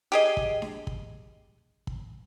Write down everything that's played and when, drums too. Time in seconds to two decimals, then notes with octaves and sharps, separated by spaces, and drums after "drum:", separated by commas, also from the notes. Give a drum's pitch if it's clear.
0.12 G4 G#4 D#5
0.37 drum: kick
0.62 drum: snare D4
0.87 drum: kick
1.87 drum: kick